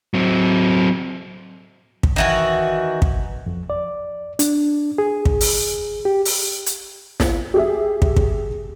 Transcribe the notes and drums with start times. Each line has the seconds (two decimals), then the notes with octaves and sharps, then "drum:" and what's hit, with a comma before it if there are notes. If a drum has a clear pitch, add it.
0.14 F#3 C4
2.03 drum: kick
2.16 D#3 E3 F#4
3.02 drum: kick
3.46 F2
3.70 D5
4.39 D4, drum: hi-hat
4.98 G#4
5.25 drum: kick
5.41 drum: open hi-hat
6.05 G4
6.25 drum: open hi-hat
6.66 drum: hi-hat
7.20 drum: snare
7.54 G4 G#4 E5
8.02 drum: kick
8.17 drum: kick